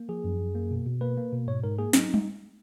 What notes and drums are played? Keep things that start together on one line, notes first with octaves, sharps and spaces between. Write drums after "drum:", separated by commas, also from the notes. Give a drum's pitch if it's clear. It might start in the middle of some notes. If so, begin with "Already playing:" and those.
Already playing: A#3
F3 G#4
F#2
F#2
A#3
B2
B2
A#3 B4
A#3
B2
G#2 C#5
G#2 A#4
A#3 G#4
F#3 D#4, drum: snare
drum: tom G3